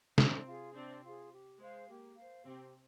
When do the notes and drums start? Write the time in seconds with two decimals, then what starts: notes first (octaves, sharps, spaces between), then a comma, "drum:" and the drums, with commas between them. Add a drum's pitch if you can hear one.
0.18 C3 C4 D4, drum: snare
0.46 F4 G#4
0.74 C3 C4 D4
1.03 F4 G#4
1.32 G4
1.60 G#3 C5 F5
1.89 A#3 G4
2.17 C5 F5
2.45 C3 C4 G4